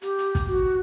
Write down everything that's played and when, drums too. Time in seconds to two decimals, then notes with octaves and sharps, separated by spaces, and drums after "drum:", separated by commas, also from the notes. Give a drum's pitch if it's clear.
0.02 G4, drum: hi-hat
0.18 drum: hi-hat
0.35 drum: kick, hi-hat
0.48 F#4